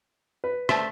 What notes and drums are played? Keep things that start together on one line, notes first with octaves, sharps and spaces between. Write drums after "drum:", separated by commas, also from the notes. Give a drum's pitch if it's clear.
B4
A3 C5 E5, drum: rim click